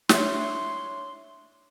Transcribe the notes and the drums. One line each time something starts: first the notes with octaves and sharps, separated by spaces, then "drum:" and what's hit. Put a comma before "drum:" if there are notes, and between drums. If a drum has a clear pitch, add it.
D4 E4 C#5 C6, drum: snare